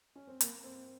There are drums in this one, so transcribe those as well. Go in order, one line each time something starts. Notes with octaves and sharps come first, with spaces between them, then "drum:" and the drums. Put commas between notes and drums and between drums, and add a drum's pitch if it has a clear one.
C#4
C4
A#3, drum: hi-hat
C4